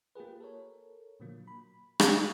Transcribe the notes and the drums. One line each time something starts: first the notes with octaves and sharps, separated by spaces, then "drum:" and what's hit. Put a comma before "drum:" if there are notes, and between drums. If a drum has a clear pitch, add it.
A#3 F4 G4 G#4 B4
A4 A#4 C#5
A#2 D3 F3 F#3 A#3
B5
C#5 G#5 A5 C#6 D#6, drum: rim click